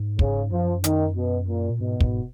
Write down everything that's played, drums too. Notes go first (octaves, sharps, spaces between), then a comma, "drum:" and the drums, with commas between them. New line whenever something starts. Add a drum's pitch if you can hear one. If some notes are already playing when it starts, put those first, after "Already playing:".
Already playing: G#2
C#3, drum: kick
F#2 F3
D#3, drum: hi-hat
B2
A#2
A#2
G#2 B2
G#2, drum: kick